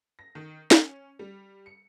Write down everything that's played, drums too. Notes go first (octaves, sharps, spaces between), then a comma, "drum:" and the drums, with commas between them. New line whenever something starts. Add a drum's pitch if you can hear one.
A#6
D#3
C#4, drum: snare
G3
C#7